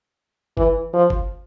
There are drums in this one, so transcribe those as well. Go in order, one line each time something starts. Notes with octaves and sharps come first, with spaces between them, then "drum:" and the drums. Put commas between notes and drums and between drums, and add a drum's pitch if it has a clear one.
E3, drum: kick G1
F3
drum: kick G1